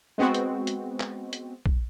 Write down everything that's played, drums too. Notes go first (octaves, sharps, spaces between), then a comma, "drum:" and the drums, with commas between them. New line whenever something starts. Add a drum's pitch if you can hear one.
G#3 B3 C4 F#4
drum: hi-hat
drum: hi-hat
drum: clap
drum: hi-hat
drum: kick